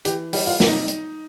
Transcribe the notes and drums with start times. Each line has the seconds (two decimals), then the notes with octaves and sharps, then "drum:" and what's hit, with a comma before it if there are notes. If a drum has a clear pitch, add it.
0.05 E3 G4, drum: hi-hat
0.33 G3, drum: open hi-hat
0.47 F4
0.60 C3, drum: snare
0.67 D#4
0.88 drum: hi-hat